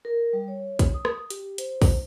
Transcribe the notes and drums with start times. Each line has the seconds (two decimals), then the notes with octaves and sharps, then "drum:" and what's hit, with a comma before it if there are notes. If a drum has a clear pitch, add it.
0.05 A#4
0.33 G3
0.48 C#5
0.79 drum: kick, hi-hat
0.94 D#6
1.05 drum: rim click
1.30 G4, drum: hi-hat
1.58 C5, drum: hi-hat
1.82 drum: kick, open hi-hat